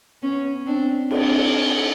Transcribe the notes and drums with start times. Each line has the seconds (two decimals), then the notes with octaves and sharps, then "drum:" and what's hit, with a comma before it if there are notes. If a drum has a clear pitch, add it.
0.22 B3 C#4
0.66 C4 D4
1.11 C4 D4, drum: cymbal